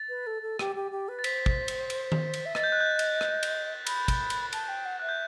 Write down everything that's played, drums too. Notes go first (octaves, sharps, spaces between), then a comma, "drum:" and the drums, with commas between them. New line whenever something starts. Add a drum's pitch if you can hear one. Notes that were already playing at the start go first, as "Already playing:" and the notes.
Already playing: A6
B4
A4
A4
G4, drum: rim click
G4
G4
B4
A6
C5 B6, drum: cymbal
drum: kick
drum: cymbal
drum: cymbal
drum: tom D#3
drum: cymbal
E5
D#5 A6, drum: rim click
G6
F#6
G6
drum: cymbal
drum: rim click
drum: cymbal
B5, drum: cymbal
drum: kick, cymbal
drum: cymbal
A5, drum: cymbal
G5
F#5
E5 F#6
G6